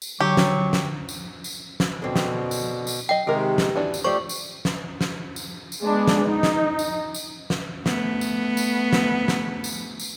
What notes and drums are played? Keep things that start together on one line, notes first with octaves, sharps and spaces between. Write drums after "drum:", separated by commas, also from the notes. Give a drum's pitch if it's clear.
drum: tambourine
D3 F#3 G4 C#6
drum: snare
drum: snare
drum: tambourine
drum: tambourine
drum: snare
B2 D3 C4
drum: snare
drum: tambourine
drum: tambourine
F#3 D#5 G5
C3 D#3 G#3 D#4 G4 A#4
drum: snare
E3 B3 D4 F#4
drum: tambourine
A3 D4 F4 G4 C5 D5 C#6
drum: tambourine
drum: snare
drum: snare
drum: tambourine
drum: tambourine
G#3 B3 D4
drum: snare
D#4
drum: snare
drum: tambourine
drum: tambourine
drum: snare
A3 B3, drum: snare
drum: tambourine
drum: tambourine
drum: snare
drum: snare
drum: tambourine
drum: tambourine